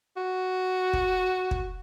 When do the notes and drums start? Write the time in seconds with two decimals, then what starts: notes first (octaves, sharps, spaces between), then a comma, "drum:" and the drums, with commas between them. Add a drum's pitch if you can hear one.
0.17 F#4
0.93 drum: kick
1.51 drum: kick